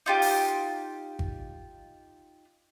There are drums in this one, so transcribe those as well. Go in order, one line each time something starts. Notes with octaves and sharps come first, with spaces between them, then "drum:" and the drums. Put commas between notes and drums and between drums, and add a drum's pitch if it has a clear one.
D#4 F4 G4
drum: open hi-hat
drum: kick G#1